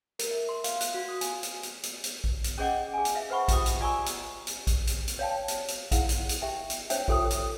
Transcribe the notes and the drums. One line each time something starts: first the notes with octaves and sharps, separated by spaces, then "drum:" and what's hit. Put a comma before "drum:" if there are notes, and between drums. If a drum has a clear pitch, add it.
A#4, drum: hi-hat
E5
C6
F5, drum: hi-hat
F#6, drum: hi-hat
F#4
D#6
G#5, drum: hi-hat
drum: hi-hat
drum: hi-hat
drum: hi-hat
drum: hi-hat
drum: kick A#1
drum: hi-hat
C#4 G#4 C#5 D#5 F#5 D6
G#4 G#5
drum: hi-hat
E5 F5
B4 C5 E5 F#5 B5 C#6
F4 G4 E5 G5 D6 D#6, drum: kick A#1, hi-hat
drum: hi-hat
F4 D5 G#5 A#5 C#6 E6
drum: hi-hat
drum: hi-hat
drum: kick A#1, hi-hat
drum: hi-hat
drum: hi-hat
C#5 D5 F5 G5 A5
drum: hi-hat
drum: hi-hat
E4 G#4 F5 F#5, drum: kick A#1, hi-hat
drum: hi-hat
drum: hi-hat
G4 E5 G5
drum: hi-hat
C#4 C5 C#5 E5 G5, drum: hi-hat
F4 G4 A4 C5 G5 D#6, drum: kick A#1
drum: hi-hat